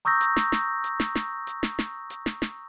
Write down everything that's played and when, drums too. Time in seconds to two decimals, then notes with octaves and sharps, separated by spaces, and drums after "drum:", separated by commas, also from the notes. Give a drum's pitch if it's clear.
0.05 A#5 C#6 D#6 E6 G6 A#6
0.21 drum: hi-hat
0.36 drum: snare
0.52 drum: snare
0.84 drum: hi-hat
1.00 drum: snare
1.15 drum: snare
1.47 drum: hi-hat
1.63 drum: snare
1.79 drum: snare
2.10 drum: hi-hat
2.26 drum: snare
2.42 drum: snare